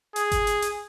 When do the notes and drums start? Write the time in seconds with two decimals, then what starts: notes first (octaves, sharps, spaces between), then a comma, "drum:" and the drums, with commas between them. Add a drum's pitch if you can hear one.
0.16 G#4, drum: hi-hat
0.32 drum: kick G1, hi-hat
0.47 drum: hi-hat
0.62 drum: hi-hat